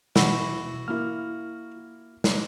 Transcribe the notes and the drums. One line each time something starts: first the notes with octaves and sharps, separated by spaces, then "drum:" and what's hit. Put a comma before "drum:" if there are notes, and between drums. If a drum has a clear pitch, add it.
B2 E3 F#4 B5 E6, drum: snare
A#3 E4 F6
drum: snare